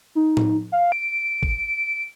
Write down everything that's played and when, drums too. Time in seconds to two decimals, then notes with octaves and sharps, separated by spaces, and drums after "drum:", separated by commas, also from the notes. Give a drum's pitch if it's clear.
0.15 D#4
0.37 drum: tom A2
0.72 F5
0.92 D7
1.43 drum: kick